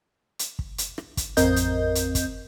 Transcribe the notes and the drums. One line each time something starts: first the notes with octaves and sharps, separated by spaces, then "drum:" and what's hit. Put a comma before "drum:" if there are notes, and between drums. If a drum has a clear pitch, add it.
drum: hi-hat
drum: kick
drum: hi-hat
drum: rim click
drum: kick, hi-hat
A1 F2 C4 A#4 D#5 G6, drum: hi-hat
drum: hi-hat
drum: hi-hat
drum: kick, hi-hat